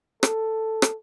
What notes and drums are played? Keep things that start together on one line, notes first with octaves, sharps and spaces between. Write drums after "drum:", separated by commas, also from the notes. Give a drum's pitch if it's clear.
A4, drum: rim click
drum: rim click